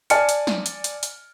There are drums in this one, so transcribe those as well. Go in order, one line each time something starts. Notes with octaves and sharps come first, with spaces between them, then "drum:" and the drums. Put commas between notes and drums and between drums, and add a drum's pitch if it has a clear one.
D5 G#5 A5 F6 C#7, drum: hi-hat
drum: hi-hat
drum: snare
drum: hi-hat
drum: hi-hat
drum: hi-hat